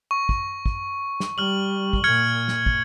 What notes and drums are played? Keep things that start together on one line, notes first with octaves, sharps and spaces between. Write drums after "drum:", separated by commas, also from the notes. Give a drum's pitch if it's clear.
C#6
drum: kick
drum: kick
drum: snare
G3 F6 F#7
drum: kick
A#2 F6 G#6 C#7
drum: snare
drum: kick